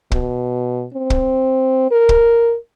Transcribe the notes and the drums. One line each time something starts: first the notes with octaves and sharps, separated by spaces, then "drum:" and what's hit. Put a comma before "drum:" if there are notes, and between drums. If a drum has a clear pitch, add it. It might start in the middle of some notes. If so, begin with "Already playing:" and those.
B2, drum: kick
C4
drum: kick
A#4
drum: kick